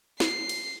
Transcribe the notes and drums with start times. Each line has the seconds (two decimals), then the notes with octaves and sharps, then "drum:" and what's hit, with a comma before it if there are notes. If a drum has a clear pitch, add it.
0.20 C7, drum: snare
0.49 drum: cymbal